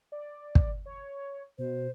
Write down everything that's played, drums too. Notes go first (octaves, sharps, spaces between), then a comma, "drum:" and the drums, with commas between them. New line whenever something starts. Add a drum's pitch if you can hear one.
D5
drum: kick
C#5
B2 C5